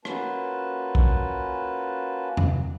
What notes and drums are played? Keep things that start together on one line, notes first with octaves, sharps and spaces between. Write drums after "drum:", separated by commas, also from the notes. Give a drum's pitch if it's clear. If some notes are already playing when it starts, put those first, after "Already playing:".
A#3 C#4 F4 F#4 B4 A5, drum: rim click
drum: kick
drum: tom E2